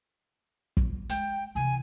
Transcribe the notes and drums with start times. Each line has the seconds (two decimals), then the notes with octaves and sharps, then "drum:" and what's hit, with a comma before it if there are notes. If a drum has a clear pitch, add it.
0.77 drum: kick
1.09 G#3 G5, drum: hi-hat
1.55 C3 E3 G#5